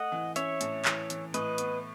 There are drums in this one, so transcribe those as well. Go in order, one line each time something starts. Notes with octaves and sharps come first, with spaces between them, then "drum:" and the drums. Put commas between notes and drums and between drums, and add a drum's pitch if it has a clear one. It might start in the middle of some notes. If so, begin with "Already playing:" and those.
Already playing: A3 D#5 F#5
E3
C#4 C#5 E5, drum: hi-hat
A2, drum: hi-hat
E3, drum: clap
E3, drum: hi-hat
A2 B4 D#5, drum: hi-hat
B3, drum: hi-hat